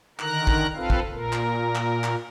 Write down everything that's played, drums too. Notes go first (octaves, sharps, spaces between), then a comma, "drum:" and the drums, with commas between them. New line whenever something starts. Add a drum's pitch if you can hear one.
D3 D#3 A#4 A#5 F#6, drum: clap
drum: kick
C4 F4 A4 B4 F5
drum: kick
A#2 A#4
drum: clap
drum: clap
drum: clap